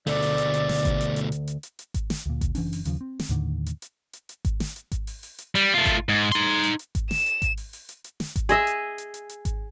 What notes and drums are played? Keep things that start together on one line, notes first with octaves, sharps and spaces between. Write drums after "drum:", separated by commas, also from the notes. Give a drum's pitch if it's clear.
D2 B2 A3 D5, drum: open hi-hat
drum: open hi-hat
drum: hi-hat
drum: hi-hat
drum: snare
drum: kick G#1, hi-hat
drum: hi-hat
drum: hi-hat
drum: hi-hat
drum: hi-hat
drum: hi-hat
drum: hi-hat
drum: kick G#1, hi-hat
drum: snare
D2 A#2
drum: kick G#1, hi-hat
F#1 E3 C#4 D4, drum: open hi-hat
drum: open hi-hat
D#2 C#3 E3 F3, drum: hi-hat
C4
drum: snare
D#2 A2 D3 D#3
drum: hi-hat
drum: hi-hat
drum: hi-hat
drum: hi-hat
drum: kick G#1, hi-hat
drum: snare
drum: hi-hat
drum: kick G#1, hi-hat
drum: open hi-hat
drum: open hi-hat
drum: hi-hat
G3, drum: hi-hat
A3 F4
drum: kick G#1, hi-hat
G#2
D#4 C6, drum: hi-hat
drum: hi-hat
drum: hi-hat
drum: kick G#1, hi-hat
E7, drum: snare
drum: hi-hat
drum: kick G#1, hi-hat
drum: open hi-hat
drum: open hi-hat
drum: hi-hat
drum: hi-hat
drum: snare
drum: kick G#1, hi-hat
G#4 D#5 E5, drum: hi-hat
drum: hi-hat
drum: hi-hat
drum: hi-hat
drum: hi-hat
drum: kick G#1, hi-hat